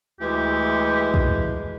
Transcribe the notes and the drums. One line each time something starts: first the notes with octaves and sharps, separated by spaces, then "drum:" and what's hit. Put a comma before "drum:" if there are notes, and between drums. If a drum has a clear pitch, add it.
D2 E3 G#3 G4
drum: kick